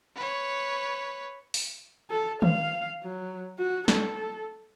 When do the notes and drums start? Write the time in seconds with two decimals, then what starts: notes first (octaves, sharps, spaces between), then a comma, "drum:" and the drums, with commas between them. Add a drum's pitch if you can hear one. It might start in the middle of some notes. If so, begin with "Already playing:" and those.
0.15 B4 C#5
1.54 drum: open hi-hat
2.10 A4
2.42 F5, drum: tom D#3
3.03 F#3
3.59 F#4
3.88 A4, drum: snare